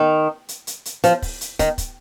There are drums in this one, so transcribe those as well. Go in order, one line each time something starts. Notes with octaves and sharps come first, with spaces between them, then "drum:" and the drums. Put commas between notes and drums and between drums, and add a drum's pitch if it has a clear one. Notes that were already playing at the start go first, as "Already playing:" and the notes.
Already playing: D#3
drum: hi-hat
drum: hi-hat
drum: hi-hat
F3, drum: hi-hat
drum: kick, open hi-hat
drum: hi-hat
D#3, drum: kick, hi-hat
drum: kick, hi-hat